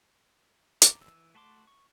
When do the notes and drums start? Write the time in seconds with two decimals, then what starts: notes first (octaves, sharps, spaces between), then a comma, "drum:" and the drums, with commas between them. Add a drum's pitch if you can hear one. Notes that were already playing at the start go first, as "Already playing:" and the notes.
0.82 A#5 D6, drum: hi-hat
0.99 E3 E6
1.35 A3 F#4 A5 C6 D6
1.67 C#6